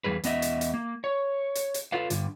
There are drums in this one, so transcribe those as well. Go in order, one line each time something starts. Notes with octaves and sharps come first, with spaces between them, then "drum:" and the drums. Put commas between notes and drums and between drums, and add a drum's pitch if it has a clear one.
E2 B2 G3 G#4 B4
E2 B3 D#5 E5, drum: hi-hat
drum: hi-hat
drum: hi-hat
A#3
C#5
drum: hi-hat
drum: hi-hat
F4 A4 B4 F5
G2 D3, drum: hi-hat